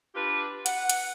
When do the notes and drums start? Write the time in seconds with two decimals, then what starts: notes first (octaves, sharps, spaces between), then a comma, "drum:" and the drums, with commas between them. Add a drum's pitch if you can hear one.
0.15 D4 F4 G4 B4
0.66 F#5, drum: hi-hat
0.90 drum: hi-hat